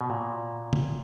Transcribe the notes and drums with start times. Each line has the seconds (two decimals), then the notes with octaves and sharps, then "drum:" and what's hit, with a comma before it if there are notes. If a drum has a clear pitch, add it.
0.01 B2
0.10 A#2
0.73 drum: tom